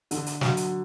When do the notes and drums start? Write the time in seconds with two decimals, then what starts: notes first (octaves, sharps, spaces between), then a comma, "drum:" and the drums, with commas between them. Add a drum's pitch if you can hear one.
0.11 D3, drum: hi-hat
0.26 drum: hi-hat
0.41 F#3, drum: snare
0.57 drum: hi-hat